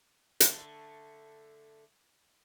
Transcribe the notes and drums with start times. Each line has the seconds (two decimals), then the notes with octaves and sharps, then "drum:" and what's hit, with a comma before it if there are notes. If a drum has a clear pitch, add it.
0.40 D3 A3 A4, drum: hi-hat